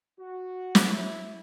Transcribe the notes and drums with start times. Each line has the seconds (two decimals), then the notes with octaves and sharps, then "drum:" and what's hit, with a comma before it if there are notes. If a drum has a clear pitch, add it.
0.19 F#4
0.75 drum: snare
0.86 E4